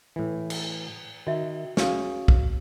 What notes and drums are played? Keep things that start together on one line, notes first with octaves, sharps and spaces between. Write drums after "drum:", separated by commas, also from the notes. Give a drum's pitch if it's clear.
A2 E3
drum: cymbal
D#3 F#4 E5
C#4 F#4 G#4 F5, drum: snare
drum: kick A#1